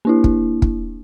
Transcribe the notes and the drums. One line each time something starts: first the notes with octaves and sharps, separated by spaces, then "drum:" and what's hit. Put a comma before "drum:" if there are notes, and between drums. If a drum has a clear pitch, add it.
A#3 D4 E4
drum: kick
drum: kick